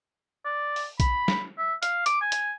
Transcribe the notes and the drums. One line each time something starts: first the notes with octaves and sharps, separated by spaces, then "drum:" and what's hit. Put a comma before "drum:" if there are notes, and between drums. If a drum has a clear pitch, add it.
D5
drum: open hi-hat
B5, drum: kick B1, hi-hat
drum: snare
E5
F5, drum: hi-hat
D6, drum: hi-hat
G#5
drum: hi-hat